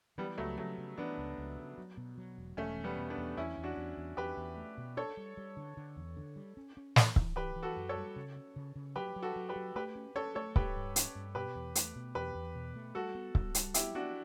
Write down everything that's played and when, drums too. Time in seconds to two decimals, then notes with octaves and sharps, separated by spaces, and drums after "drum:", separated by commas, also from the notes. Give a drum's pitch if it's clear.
0.18 E3 G3 B3
0.37 C#2 F#3 A3
0.58 C#3 F#3 A3
0.78 C#3
0.97 E3 B3 D4
1.18 C#2
1.38 C#2
1.58 C#3
1.78 F#3
1.97 B2
2.18 F#3
2.38 E1
2.57 E1 A3 C#4
2.78 E2
2.84 G3 B3
2.98 B2
3.10 B3 D4
3.17 E2
3.37 E2 C#4 E4
3.58 E2
3.64 D4 F#4
3.77 E2
3.97 E2
4.17 E2 G4 B4
4.37 E2
4.57 A3
4.78 B2
4.97 D4 A4 C#5
5.17 G3
5.37 G3
5.57 D3
5.77 D3
5.97 E2
6.17 D3
6.36 G3
6.57 C#4
6.77 C#4
6.96 E3, drum: snare
7.16 E3, drum: kick C#1
7.36 E3 G4 B4
7.56 E3
7.63 F#4 A4
7.76 F#2
7.89 A4 C#5
7.96 G3
8.16 C#3
8.37 C#4
8.56 C#3
8.76 C#3
8.96 F#3 G4 B4
9.16 F#3
9.22 F#4 A4
9.36 F#3
9.49 G4 B4
9.56 F#3
9.76 A3 G4 B4
9.95 C#4
10.15 C#4 A4 C#5
10.35 A3 A4 C#5
10.56 G2 G4 B4, drum: kick C#1
10.76 G2
10.96 C#4, drum: hi-hat
11.15 G2
11.35 B2 G4 B4
11.55 E2
11.75 A3, drum: hi-hat
11.96 B2
12.15 E2 G4 B4
12.35 E2
12.55 B2
12.76 A3
12.95 G3 F#4 A4
13.15 B3
13.35 G3, drum: kick C#1
13.55 G3, drum: hi-hat
13.74 B3 E4 G4, drum: hi-hat
13.95 B3 D4 F#4